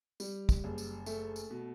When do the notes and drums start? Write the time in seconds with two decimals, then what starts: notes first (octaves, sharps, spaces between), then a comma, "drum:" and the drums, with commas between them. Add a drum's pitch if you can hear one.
0.20 G3, drum: tambourine
0.49 drum: kick, tambourine
0.64 F#1
0.78 drum: tambourine
1.06 A3, drum: tambourine
1.36 drum: tambourine
1.51 B2